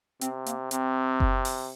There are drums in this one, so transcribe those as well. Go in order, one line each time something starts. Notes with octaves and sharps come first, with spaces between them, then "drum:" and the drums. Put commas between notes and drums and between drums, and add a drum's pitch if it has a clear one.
C3 C4, drum: hi-hat
A#3, drum: hi-hat
C3 C4, drum: hi-hat
drum: kick F#1
drum: open hi-hat